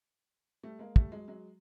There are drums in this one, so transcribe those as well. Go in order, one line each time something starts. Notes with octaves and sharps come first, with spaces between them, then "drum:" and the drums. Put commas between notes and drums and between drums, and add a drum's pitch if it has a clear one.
G3 A3
G#3 A#3
G3 A3, drum: kick
F#3 G#3
F#3 G#3